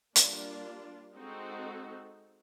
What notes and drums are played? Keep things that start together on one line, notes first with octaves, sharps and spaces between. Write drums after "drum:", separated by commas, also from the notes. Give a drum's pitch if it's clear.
G3 A#3 D4 F4, drum: hi-hat
G#3 C4 D#4 F#4 A4